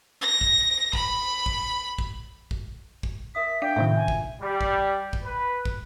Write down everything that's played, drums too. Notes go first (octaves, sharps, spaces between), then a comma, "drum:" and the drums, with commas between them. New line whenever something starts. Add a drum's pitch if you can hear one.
A#6
drum: kick
B5, drum: kick
drum: kick
drum: kick
drum: kick
drum: kick
A#4 E5 D#6 B6
D4 F5 G5
A2 C3 D#3 F4 E5
C#4 G#5
drum: kick
G3
drum: kick
drum: kick
B4
drum: kick